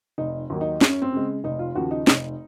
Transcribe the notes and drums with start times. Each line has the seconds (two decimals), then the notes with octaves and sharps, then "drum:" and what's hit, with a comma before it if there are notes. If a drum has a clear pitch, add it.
0.18 F1 D#4
0.50 D#2 D#3 F#3 A#3
0.61 D#4
0.81 F#2 C#4, drum: snare
1.02 C4
1.12 C#3 G#3
1.44 F1 D#4
1.59 F4
1.75 D#2 C#3 F3 F#4
1.91 D#4
2.07 F1 D#4, drum: snare